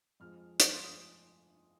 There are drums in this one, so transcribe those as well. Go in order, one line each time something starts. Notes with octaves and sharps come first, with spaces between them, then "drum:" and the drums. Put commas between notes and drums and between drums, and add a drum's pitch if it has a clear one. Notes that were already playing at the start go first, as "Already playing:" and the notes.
F2 F3 G#3 F6
D#6, drum: hi-hat
C6
D#6